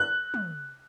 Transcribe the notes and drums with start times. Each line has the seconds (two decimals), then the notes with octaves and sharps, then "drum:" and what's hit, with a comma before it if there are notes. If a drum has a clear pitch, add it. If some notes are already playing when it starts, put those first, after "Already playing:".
Already playing: F#6
0.34 drum: tom